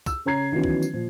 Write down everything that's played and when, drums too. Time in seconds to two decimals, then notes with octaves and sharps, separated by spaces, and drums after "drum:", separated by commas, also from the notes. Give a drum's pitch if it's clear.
0.06 E6, drum: kick, tambourine
0.25 C#3 C#5 A#5 G#6 C7
0.52 D#3 E3 F#3 B3 C#4
0.63 drum: kick
0.83 drum: tambourine
0.93 A#2 F3